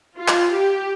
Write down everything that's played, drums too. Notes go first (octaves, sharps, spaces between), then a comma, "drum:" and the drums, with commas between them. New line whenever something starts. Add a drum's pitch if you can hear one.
F4
drum: clap
G4